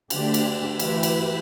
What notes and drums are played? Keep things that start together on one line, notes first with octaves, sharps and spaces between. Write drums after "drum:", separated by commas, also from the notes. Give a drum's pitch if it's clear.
D3 A3 D4 G4, drum: cymbal
drum: cymbal
E3 A3 E4 G4 B4, drum: cymbal
drum: cymbal